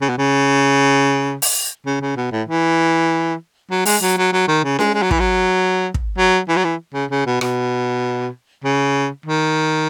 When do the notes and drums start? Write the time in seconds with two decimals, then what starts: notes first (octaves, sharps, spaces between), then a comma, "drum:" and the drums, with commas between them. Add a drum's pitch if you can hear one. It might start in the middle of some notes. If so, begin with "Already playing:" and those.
0.01 C#3
0.09 B2
0.18 C#3
1.42 drum: open hi-hat
1.86 C#3
2.01 C#3
2.17 B2
2.31 A2
2.48 E3
3.71 F#3
3.85 G#3, drum: open hi-hat
4.02 F#3
4.17 F#3
4.33 F#3
4.48 D#3
4.64 C#3
4.79 G#3, drum: snare C#4
4.94 G#3
5.02 F#3
5.11 E3, drum: kick
5.19 F#3
5.94 drum: kick
6.18 F#3
6.48 E3
6.56 F#3
6.64 E3
6.94 C#3
7.10 C#3
7.26 B2
7.41 B2, drum: rim click
8.64 C#3
9.26 D#3